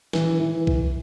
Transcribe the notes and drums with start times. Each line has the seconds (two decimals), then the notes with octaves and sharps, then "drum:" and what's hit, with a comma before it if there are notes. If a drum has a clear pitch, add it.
0.13 E3, drum: snare
0.40 E3
0.67 drum: kick B1